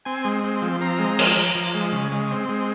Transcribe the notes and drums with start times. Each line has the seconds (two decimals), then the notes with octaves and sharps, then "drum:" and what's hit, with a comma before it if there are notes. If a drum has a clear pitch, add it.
0.05 C4 G#5
0.25 G#3
0.44 C4
0.62 F3
0.81 C4 A#5
0.99 G#3
1.19 F3, drum: cymbal
1.37 F3
1.55 F3
1.74 G#3
1.92 C#3
2.12 G#3
2.31 C4
2.49 G#3